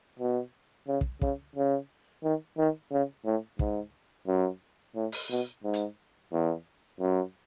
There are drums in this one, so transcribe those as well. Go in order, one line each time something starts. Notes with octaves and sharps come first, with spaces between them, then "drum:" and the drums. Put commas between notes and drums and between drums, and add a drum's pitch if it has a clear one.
B2
C#3
drum: kick
C#3, drum: kick
C#3
D#3
D#3
C#3
A2
G#2, drum: kick
F#2
A2
drum: open hi-hat
B2
G#2
drum: hi-hat
E2
F#2